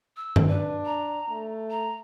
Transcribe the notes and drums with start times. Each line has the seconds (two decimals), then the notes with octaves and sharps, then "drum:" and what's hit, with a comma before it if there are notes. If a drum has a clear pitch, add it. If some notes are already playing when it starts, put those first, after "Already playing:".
0.17 E6
0.36 drum: tom G2
0.49 D4 B4
0.85 A#5
1.30 A3
1.70 A#5